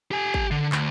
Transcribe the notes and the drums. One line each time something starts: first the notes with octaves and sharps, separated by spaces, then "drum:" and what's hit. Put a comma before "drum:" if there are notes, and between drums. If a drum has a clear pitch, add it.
G4 G#5
drum: kick G#1
D3
D2, drum: clap